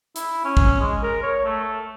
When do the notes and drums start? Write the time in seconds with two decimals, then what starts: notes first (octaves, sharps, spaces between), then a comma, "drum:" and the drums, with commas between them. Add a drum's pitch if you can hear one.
0.16 E4, drum: hi-hat
0.45 C#4
0.57 drum: kick
0.81 G#3
1.03 A#4
1.23 C#5
1.45 A3